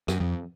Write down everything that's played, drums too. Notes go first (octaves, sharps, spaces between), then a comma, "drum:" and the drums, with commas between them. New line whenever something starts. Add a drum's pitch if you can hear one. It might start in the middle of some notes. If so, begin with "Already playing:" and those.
F#2, drum: rim click
F2